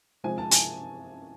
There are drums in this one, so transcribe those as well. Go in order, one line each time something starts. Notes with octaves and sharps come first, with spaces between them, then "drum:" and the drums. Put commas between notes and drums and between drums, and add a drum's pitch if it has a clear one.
C3 F3 G#3 C4 G#5
A5
G#5, drum: hi-hat